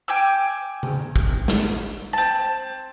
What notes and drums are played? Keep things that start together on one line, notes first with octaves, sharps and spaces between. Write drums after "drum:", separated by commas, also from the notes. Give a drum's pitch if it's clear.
G5 G#5 D6 E6
drum: tom C#3
drum: kick
drum: snare
C4 A5